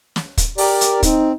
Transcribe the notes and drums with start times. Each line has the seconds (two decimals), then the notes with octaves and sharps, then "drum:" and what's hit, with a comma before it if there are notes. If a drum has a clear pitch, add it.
0.16 drum: snare
0.38 drum: kick, hi-hat
0.58 G4 A#4 D5, drum: open hi-hat
0.81 drum: hi-hat
1.03 C4 D#4, drum: kick, hi-hat